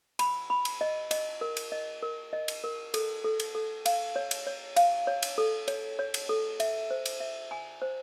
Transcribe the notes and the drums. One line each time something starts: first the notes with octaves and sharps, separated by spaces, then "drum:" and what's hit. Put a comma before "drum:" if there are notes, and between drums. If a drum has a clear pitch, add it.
B5, drum: cymbal
B5
drum: cymbal
D#5
D#5, drum: cymbal
A#4
drum: cymbal
D#5
A#4
D#5
drum: cymbal
A#4
A4, drum: cymbal
A4
drum: cymbal
A4
F5, drum: cymbal
C#5
drum: cymbal
C#5
F5, drum: cymbal
C#5
drum: cymbal
A4
C#5, drum: cymbal
C#5
drum: cymbal
A4
E5, drum: cymbal
C5
drum: cymbal
E5
G#5
C5